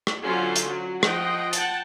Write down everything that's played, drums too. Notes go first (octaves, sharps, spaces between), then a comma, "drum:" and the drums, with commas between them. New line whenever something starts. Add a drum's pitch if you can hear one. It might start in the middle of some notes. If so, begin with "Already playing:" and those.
drum: rim click
D3 F#3 C#4 F4 F#4 C5
drum: hi-hat
F#3
F3 D#5 F#5 G5, drum: rim click
F#5 G5 A5, drum: hi-hat